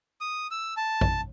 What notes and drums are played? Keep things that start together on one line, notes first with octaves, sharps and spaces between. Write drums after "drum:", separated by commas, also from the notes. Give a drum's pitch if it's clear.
D#6
E6
A5
drum: kick A1